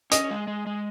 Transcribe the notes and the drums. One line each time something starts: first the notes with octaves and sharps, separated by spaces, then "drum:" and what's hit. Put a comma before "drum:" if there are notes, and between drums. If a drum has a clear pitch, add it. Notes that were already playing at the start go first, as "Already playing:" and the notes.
C#4 D#5, drum: hi-hat
G#3
G#3
G#3